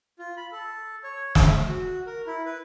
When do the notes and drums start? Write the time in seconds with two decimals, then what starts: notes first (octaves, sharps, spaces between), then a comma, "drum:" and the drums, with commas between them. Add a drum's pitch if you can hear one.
0.19 F4
0.37 B5
0.52 A4
1.04 C#5
1.35 E5, drum: snare
1.68 F#4
2.06 A#4
2.27 E4
2.45 B4